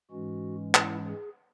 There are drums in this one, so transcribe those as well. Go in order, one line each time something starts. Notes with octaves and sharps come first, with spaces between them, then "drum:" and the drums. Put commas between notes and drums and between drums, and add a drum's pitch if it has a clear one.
G#2 E3 G#3 C#4 F#4
E4, drum: clap
G#4